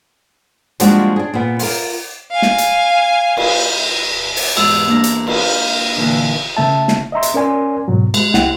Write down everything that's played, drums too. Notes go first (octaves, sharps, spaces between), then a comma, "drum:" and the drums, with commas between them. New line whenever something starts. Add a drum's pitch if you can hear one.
F3 G3 G#3 A#3 D4 F#4, drum: hi-hat
D4 G#4
A#2 B3
F4 A#4, drum: open hi-hat
F5 G#5
drum: snare
drum: hi-hat
drum: cymbal
drum: open hi-hat
E2 G#2 E6, drum: cymbal
A#3 D4 A#5
drum: hi-hat
F5, drum: cymbal
A#2 D3 E3 D#4
C#3 A3 E5 A5
drum: snare
D#5 E5 A#5 C6
drum: hi-hat
C#4 A#4 D5 G#5 C6
G#2 B2 F#3
G#3, drum: cymbal
C2 E4 F#5 G5, drum: snare